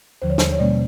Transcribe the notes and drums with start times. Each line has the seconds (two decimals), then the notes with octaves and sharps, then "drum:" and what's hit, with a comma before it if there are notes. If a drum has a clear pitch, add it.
0.22 D#2 D3 F3 C5
0.30 C#5
0.38 C5, drum: snare
0.52 C#5
0.59 B2 G3 A#3 C#4 D5